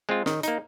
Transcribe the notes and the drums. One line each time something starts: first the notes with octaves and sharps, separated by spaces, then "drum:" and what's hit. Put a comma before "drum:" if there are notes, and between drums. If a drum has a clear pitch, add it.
G#3 C4 F4
D#3, drum: snare
A#3 D#4, drum: hi-hat